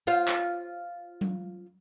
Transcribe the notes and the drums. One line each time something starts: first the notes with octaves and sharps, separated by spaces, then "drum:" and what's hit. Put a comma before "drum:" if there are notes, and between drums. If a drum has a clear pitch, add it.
F4 C5 F5
drum: clap
drum: tom F#3